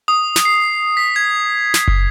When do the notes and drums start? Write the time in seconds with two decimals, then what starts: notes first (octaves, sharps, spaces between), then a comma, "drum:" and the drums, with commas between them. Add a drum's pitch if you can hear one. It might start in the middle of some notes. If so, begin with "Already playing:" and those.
0.08 D#6
0.36 drum: snare
0.45 C7
0.97 B6
1.16 G#6
1.74 drum: snare
1.88 drum: kick F#1